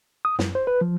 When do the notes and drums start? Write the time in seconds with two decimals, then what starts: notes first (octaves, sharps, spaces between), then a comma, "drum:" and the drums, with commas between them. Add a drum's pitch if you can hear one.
0.25 D#6
0.39 F#2, drum: snare
0.55 C5
0.67 B4
0.81 F3